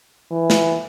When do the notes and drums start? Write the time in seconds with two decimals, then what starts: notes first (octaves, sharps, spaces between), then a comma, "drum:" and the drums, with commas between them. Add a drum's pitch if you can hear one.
0.31 E3
0.50 drum: snare